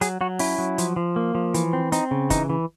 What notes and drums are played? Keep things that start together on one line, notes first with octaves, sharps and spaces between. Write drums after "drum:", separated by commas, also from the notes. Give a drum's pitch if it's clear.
F#3 G#4, drum: hi-hat
F#3 F#4
C#4 E4, drum: open hi-hat
F#3
F3, drum: hi-hat
F3
A#3
F3
E3, drum: hi-hat
C4
C4 D#4, drum: hi-hat
C#3
E3 D#4, drum: kick, hi-hat
E3